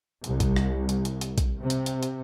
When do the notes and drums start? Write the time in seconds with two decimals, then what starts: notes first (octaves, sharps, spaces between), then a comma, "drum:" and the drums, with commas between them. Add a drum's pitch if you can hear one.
0.24 C2, drum: hi-hat
0.40 drum: kick A#1, hi-hat
0.56 drum: rim click
0.89 drum: hi-hat
1.05 drum: hi-hat
1.21 drum: hi-hat
1.38 drum: kick A#1, hi-hat
1.59 C3
1.70 drum: hi-hat
1.86 drum: hi-hat
2.03 drum: hi-hat